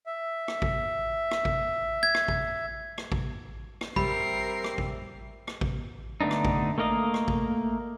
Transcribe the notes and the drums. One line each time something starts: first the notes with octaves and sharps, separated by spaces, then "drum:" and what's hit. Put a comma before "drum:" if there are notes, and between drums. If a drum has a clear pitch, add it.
E5
drum: rim click
drum: kick A1
drum: rim click
drum: kick A1
G#6
drum: rim click
drum: kick A1
drum: rim click
drum: kick A1
drum: rim click
G3 C4 A#4 E5 B5 C7, drum: kick A1
drum: rim click
drum: kick A1
drum: rim click
drum: kick A1
D3 A3 B3 D4 D#4
drum: rim click
drum: kick A1
A3 A#3 A#4 D#5 F5
drum: rim click
drum: kick A1